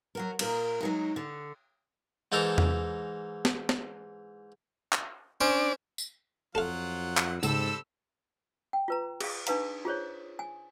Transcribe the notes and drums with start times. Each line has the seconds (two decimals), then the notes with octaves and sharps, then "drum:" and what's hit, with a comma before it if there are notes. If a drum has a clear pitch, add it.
0.15 F#3 F#4 A#4
0.39 A#2 A#4, drum: cymbal
0.81 F#3 G#3 D#4
1.16 D3
2.32 G#2 E3 D#4 A4 A#4
2.58 drum: tom E2
3.45 drum: snare
3.69 drum: snare
4.93 drum: clap
5.41 C#4 D4 C5 D5
5.98 drum: tambourine
6.55 F2 F#3 F4 A4 F5 F#5
7.17 drum: clap
7.43 C#2 G#2 G3 C4 A4 E6, drum: tambourine
8.73 G5
8.88 F4 B4 A#5
9.21 G#4 F5, drum: cymbal
9.47 D4 D#4 B4 F5 A#5, drum: hi-hat
9.85 F4 G#4 C5 C#5
10.39 G#5